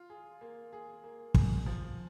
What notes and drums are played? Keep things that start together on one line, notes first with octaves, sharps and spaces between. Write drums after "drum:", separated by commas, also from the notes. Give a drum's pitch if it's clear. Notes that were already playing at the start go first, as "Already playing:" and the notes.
Already playing: F4
G#4
A#3
G#4
A#3
G#4, drum: kick
F3